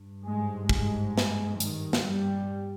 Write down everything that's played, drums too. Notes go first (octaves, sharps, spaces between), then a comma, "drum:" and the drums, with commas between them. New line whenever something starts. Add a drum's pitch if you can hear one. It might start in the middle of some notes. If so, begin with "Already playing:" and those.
Already playing: G2
G#2 G#3
G#2 G#3, drum: kick
drum: snare
D#3, drum: hi-hat
drum: snare
G2 G3